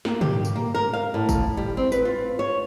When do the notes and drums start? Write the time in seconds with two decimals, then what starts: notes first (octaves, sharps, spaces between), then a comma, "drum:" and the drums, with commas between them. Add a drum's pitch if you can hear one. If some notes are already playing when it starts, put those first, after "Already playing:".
0.05 A#3, drum: snare
0.21 G4, drum: tom
0.45 drum: tambourine
0.56 A#3
0.75 A#4
0.93 F5
1.14 A2
1.29 drum: kick, tambourine
1.57 G3
1.77 C4
1.92 B4, drum: tambourine
2.05 F4
2.39 C#5